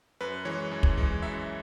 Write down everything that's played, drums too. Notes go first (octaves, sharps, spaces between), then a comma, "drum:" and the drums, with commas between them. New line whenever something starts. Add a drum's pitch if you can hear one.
F#2 B4
E3 G#3 C#5
F#2
drum: kick
E3 G#3
F#2 E5